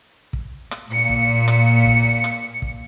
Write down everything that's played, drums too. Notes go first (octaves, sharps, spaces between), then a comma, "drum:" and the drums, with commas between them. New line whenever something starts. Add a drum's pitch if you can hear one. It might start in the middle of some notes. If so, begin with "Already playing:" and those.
drum: kick
drum: rim click
A#2 C#7
drum: kick
drum: rim click
drum: kick
drum: rim click
drum: kick